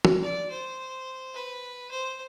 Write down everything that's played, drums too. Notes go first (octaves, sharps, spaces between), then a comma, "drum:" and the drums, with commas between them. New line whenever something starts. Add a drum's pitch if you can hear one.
drum: tom
D5
C5
B4
C5